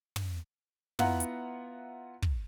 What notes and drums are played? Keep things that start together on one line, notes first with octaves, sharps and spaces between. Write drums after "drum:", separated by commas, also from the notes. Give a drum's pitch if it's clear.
drum: tom
B3 E4 F4 E5 F#5 A#5, drum: tom
drum: hi-hat
drum: kick